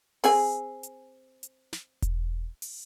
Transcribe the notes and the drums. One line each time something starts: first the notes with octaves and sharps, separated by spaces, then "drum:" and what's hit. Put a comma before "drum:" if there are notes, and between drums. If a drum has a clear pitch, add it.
C4 G#4 G#5, drum: open hi-hat
drum: hi-hat
drum: hi-hat
drum: snare
drum: kick E1, hi-hat
drum: open hi-hat